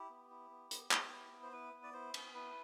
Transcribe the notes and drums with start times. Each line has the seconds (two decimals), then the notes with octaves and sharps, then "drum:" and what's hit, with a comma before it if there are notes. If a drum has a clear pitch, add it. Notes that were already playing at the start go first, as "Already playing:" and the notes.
Already playing: E4 G4
0.10 B3
0.30 E4
0.50 B3
0.71 B3, drum: hi-hat
0.91 B3, drum: clap
1.12 E4
1.32 B3
1.43 C5
1.52 E4 B4
1.73 B3
1.83 D5
1.93 E4 C5
2.14 B3, drum: cymbal
2.34 E4 B4